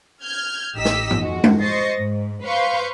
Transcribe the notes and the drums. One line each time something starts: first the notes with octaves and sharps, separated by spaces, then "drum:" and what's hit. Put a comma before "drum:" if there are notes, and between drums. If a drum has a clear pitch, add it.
F6 G6 G#6
A1 D#4 G4 D#5 E6 B6
drum: snare
drum: tom G2
F2 G#3 F#4
drum: tom G#3
C5 D#5 C#6 A6 A#6 C7
G#2
B4 C5 F5 C6 C#6 G6